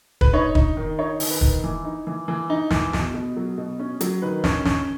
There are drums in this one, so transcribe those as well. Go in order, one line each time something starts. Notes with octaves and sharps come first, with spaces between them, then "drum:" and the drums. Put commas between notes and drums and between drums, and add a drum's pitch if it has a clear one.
B4, drum: kick
D#4 C#5
D#4, drum: kick
D#3
D#4 C#5
D#3, drum: open hi-hat
B4
D#3, drum: kick
E3
D#4
E3
E3
D#4
E3, drum: snare
B2, drum: snare
B2
F#3
B2
C#4
F#3, drum: hi-hat
D#3 B4
C#4, drum: snare
C#4, drum: snare